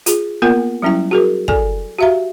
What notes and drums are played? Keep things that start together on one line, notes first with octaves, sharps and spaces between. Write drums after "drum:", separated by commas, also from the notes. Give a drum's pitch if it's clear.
F4 G#4, drum: hi-hat
A#3 B3 F4 A#4 F#5
F#3 G3 C#4 E4 G5
F#4 G#4 A#4
A4 D5 G#5, drum: kick
F#4 G4 E5 F5 A#5